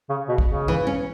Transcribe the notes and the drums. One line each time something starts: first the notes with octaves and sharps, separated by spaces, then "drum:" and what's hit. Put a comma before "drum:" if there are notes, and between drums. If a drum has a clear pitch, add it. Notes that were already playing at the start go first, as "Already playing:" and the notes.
C#3
B2
drum: kick B1
C#3
E3
C#4